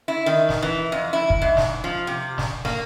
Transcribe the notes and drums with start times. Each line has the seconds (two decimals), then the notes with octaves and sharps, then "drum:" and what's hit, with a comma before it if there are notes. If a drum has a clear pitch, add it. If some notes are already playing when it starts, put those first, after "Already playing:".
0.08 E4
0.26 D#3
0.49 drum: snare
0.62 E3
0.92 F2
1.13 E4
1.30 drum: kick
1.42 G#2
1.57 drum: snare
1.84 F3
2.07 C3
2.38 drum: snare
2.65 A#3, drum: snare